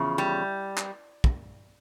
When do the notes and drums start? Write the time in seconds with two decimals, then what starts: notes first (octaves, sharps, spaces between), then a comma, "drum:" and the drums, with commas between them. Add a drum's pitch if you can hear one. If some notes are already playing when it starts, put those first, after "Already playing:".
Already playing: E2 C#3 F3
0.18 G3
0.78 drum: clap
1.24 drum: kick